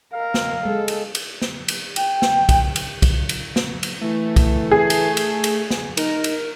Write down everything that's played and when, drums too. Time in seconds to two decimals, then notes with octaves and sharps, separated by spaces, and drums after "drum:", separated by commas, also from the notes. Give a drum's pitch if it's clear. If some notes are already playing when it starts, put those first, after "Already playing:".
0.13 A#4 F5
0.34 drum: snare
0.65 G#3 A4
0.88 drum: cymbal
1.15 drum: cymbal
1.42 drum: snare
1.68 drum: cymbal
1.96 G5, drum: cymbal
2.22 drum: snare
2.49 drum: kick, cymbal
2.76 drum: cymbal
3.02 drum: kick, cymbal
3.29 drum: cymbal
3.56 drum: snare
3.83 drum: cymbal
4.02 E3 A3
4.36 drum: kick, cymbal
4.71 G#4
4.90 drum: cymbal
5.17 drum: cymbal
5.44 drum: cymbal
5.70 drum: snare
5.97 D#4 A#4, drum: cymbal
6.24 drum: cymbal